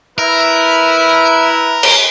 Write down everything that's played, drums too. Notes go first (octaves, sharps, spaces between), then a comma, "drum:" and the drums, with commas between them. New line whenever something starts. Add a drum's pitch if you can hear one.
E4 A#4 B4 E5
drum: cymbal